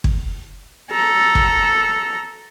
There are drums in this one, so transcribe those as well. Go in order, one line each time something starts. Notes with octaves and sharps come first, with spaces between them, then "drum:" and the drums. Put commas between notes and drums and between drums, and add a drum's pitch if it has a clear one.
drum: kick
A4 A#5
drum: kick